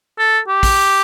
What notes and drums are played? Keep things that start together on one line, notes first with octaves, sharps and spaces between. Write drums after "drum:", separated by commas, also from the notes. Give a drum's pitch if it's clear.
A4
G4
drum: kick, open hi-hat